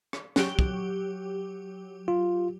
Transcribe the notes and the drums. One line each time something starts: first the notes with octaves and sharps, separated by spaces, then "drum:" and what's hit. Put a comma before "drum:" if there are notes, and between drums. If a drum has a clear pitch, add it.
drum: rim click
F#3 G4, drum: snare
drum: kick
F4